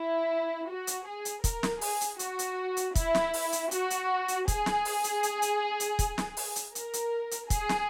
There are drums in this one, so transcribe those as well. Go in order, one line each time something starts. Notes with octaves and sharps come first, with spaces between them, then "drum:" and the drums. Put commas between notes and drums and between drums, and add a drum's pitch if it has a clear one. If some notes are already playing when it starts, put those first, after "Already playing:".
Already playing: E4
F#4
drum: hi-hat
G#4
drum: hi-hat
A#4, drum: kick, hi-hat
drum: snare
G#4, drum: open hi-hat
drum: hi-hat
F#4, drum: hi-hat
drum: hi-hat
drum: hi-hat
E4, drum: kick, hi-hat
drum: snare
drum: open hi-hat
drum: hi-hat
F#4, drum: hi-hat
drum: hi-hat
drum: hi-hat
G#4, drum: kick, hi-hat
drum: snare
drum: open hi-hat
drum: hi-hat
drum: hi-hat
drum: hi-hat
drum: hi-hat
drum: kick, hi-hat
drum: snare
drum: open hi-hat
drum: hi-hat
A#4, drum: hi-hat
drum: hi-hat
drum: hi-hat
G#4, drum: kick, hi-hat
drum: snare